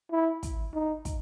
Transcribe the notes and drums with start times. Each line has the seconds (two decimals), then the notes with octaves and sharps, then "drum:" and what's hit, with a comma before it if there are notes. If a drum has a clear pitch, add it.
0.12 E4
0.43 drum: kick, hi-hat
0.74 D#4
1.05 drum: kick, hi-hat